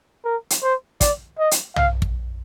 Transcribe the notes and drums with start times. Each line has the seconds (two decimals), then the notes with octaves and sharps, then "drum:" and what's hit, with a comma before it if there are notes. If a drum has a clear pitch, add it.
0.25 A#4
0.50 drum: hi-hat
0.63 C5
1.01 D5, drum: kick, hi-hat
1.38 D#5
1.51 drum: hi-hat
1.76 F5, drum: tom
2.02 drum: kick